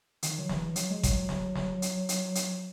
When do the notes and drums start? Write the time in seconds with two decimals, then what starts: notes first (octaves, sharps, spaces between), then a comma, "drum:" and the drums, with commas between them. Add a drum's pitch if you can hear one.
0.23 D#3, drum: hi-hat
0.39 F#3
0.49 E3, drum: snare
0.76 F#3, drum: hi-hat
0.90 G#3
1.03 F#3, drum: kick G#1, hi-hat
1.29 drum: snare
1.55 drum: snare
1.82 drum: hi-hat
2.09 drum: hi-hat
2.35 drum: hi-hat